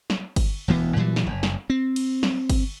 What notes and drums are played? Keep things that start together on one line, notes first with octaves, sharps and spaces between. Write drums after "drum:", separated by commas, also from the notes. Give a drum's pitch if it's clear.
drum: snare
drum: kick G1, cymbal
E1 D2 E3 B3
A#2 E3 F#3 G3
drum: snare
F#1
drum: snare
C4
drum: cymbal
drum: snare
drum: kick G1, cymbal